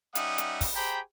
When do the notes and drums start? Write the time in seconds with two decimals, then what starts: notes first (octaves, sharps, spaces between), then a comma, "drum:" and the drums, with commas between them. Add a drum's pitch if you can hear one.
0.15 G3 C#4 D#4 E5 F#5 D#6, drum: hi-hat
0.38 drum: hi-hat
0.61 drum: kick, open hi-hat
0.75 G4 G#4 C5 G5 A#5 B5